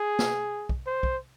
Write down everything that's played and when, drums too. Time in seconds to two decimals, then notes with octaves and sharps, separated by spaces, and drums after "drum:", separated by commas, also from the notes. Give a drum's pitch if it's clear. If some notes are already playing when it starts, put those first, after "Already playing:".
Already playing: G#4
0.19 drum: snare
0.69 drum: kick
0.87 C5
1.03 drum: kick